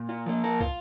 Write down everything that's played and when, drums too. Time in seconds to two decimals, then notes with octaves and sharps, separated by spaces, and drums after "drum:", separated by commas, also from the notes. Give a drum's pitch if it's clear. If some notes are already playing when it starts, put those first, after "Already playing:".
Already playing: A#2
0.09 F4
0.26 F3 A#3
0.44 A#4
0.61 F4, drum: kick